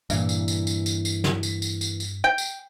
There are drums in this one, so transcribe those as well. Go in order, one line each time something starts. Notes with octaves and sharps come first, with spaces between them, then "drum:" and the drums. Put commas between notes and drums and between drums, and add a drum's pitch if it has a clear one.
G2 A#2 E3 F5, drum: tambourine
drum: tambourine
drum: tambourine
drum: tambourine
drum: tambourine
drum: tambourine
drum: snare
drum: tambourine
drum: tambourine
drum: tambourine
drum: tambourine
G5
drum: tambourine